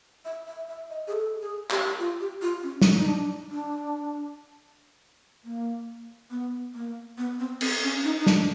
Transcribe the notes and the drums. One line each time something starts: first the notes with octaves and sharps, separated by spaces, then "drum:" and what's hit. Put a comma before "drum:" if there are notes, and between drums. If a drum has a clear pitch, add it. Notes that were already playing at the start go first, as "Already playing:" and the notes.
E5
E5
E5
D#5
G#4
A4
G#4
G4, drum: clap
F4
G4
F4
C#4
drum: snare
D#4
D4
D4
A#3
B3
A#3
B3
C4
C4, drum: cymbal
C#4
D#4
D#4
D4, drum: snare